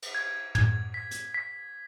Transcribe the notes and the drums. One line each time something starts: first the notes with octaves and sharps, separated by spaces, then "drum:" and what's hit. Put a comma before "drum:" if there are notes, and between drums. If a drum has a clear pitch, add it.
drum: cymbal
G#6
G#6, drum: tom
B6
drum: hi-hat
B6